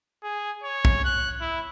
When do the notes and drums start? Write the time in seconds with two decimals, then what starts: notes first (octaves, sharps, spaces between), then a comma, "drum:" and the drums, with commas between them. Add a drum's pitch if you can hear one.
0.24 G#4
0.64 C#5
0.85 drum: kick
1.04 F#6
1.41 E4